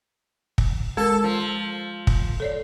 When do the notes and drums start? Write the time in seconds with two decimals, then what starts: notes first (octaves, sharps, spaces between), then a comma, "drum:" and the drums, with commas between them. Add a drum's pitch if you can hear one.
0.58 drum: kick
0.97 G#3 A4 A#4
1.24 F3
2.07 drum: kick
2.40 A4 C#5 D5